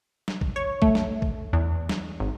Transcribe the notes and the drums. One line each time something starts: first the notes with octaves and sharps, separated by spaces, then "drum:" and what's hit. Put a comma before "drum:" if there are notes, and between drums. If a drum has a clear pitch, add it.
drum: snare
drum: kick
C#5
A3, drum: kick
drum: snare
drum: kick
E2
drum: snare
G#1